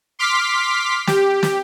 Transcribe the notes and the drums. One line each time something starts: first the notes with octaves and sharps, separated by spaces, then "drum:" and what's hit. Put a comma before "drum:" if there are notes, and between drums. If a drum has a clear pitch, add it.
C6 D6 F6 B6
G4, drum: snare
drum: snare